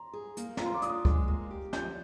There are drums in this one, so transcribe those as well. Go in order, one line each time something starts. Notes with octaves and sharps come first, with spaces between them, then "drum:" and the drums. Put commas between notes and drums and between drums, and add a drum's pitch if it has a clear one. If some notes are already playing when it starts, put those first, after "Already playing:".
Already playing: A#5 C6
G#4
A#3, drum: hi-hat
F4 A#5, drum: snare
C6
D6
D4 D#6, drum: hi-hat
G#3, drum: kick C#2
A#3
G4
F3 G6, drum: snare